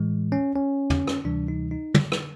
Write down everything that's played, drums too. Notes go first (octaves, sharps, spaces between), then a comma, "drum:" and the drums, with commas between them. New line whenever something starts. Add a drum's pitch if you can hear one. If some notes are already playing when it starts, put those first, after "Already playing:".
Already playing: A2 E3 G#3
C#4
C#4
drum: tom
drum: rim click
D2 C3 E3 G3 D4
D#4
D#4
drum: tom
drum: rim click